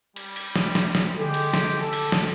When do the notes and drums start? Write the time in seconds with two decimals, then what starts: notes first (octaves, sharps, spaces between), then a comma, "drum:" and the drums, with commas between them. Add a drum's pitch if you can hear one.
0.16 G3, drum: cymbal
0.36 drum: cymbal
0.56 drum: snare
0.75 drum: snare
0.95 drum: snare
1.19 D3 G#3 G4
1.34 drum: cymbal
1.54 drum: snare
1.79 A4
1.93 drum: cymbal
2.12 drum: snare